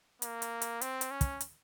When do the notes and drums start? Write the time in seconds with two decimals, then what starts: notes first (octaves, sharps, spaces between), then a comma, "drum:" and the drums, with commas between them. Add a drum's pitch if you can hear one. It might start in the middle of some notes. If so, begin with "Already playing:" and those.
0.22 A#3, drum: hi-hat
0.42 drum: hi-hat
0.62 drum: hi-hat
0.81 C4, drum: hi-hat
1.01 drum: hi-hat
1.11 C#4
1.21 drum: kick, hi-hat
1.41 drum: hi-hat